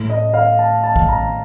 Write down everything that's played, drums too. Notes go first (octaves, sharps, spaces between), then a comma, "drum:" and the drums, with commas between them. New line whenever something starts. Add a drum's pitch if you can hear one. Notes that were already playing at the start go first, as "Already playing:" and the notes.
Already playing: A2 A3
D#5
F5
A5
A5
drum: kick A1
A#5